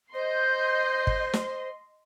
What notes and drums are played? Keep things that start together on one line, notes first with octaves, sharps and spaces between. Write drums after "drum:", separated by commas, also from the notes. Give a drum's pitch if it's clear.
C5 D#5 C6 G6
drum: kick G#1
drum: snare